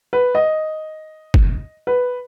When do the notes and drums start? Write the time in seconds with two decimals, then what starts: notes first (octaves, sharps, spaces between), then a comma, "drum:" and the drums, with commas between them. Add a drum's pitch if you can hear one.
0.13 B4
0.35 D#5
1.34 drum: kick F#1
1.87 B4